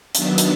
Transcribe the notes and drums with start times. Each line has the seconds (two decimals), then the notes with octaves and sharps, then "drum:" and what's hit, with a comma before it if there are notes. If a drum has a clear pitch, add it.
0.15 D#3 F#3 B3 D4 E5, drum: hi-hat
0.38 drum: hi-hat